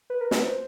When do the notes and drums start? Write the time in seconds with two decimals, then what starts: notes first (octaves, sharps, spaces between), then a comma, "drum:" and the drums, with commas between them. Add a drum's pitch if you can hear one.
0.10 B4
0.21 A#4
0.31 B4, drum: snare
0.45 C5